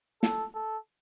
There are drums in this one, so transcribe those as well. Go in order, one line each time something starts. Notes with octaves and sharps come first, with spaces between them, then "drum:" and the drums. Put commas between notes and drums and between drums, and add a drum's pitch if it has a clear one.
A4, drum: snare
A4